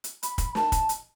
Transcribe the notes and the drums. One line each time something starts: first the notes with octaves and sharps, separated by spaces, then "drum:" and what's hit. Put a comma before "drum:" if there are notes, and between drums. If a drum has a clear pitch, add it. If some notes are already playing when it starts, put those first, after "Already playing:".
drum: hi-hat
B5, drum: hi-hat
drum: kick, hi-hat
A5, drum: snare
drum: kick, hi-hat
drum: hi-hat